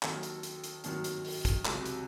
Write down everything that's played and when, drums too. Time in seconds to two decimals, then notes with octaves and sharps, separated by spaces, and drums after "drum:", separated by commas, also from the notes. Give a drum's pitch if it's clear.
0.03 D#2 D#3 F#3 A4, drum: clap
0.23 drum: hi-hat
0.43 drum: hi-hat
0.64 drum: hi-hat
0.84 D#2 D#3 F#3, drum: hi-hat
1.04 drum: hi-hat
1.25 drum: open hi-hat
1.45 drum: kick, hi-hat
1.65 C#2 C3 F#3 A4, drum: clap
1.86 drum: hi-hat